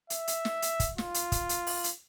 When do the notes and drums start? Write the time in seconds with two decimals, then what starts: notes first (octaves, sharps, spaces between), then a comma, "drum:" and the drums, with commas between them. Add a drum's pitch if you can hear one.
0.10 E5, drum: hi-hat
0.27 drum: hi-hat
0.45 drum: snare
0.62 drum: hi-hat
0.80 drum: kick, hi-hat
0.98 F4, drum: snare
1.14 drum: hi-hat
1.32 drum: kick, hi-hat
1.49 drum: hi-hat
1.67 drum: open hi-hat
1.84 drum: hi-hat